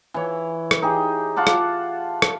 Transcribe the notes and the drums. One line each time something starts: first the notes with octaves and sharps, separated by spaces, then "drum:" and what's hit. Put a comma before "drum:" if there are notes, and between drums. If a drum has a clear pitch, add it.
E3 C#5
drum: rim click
D#4 G4 G#4
F4 F#5 A5 D6
drum: rim click
drum: rim click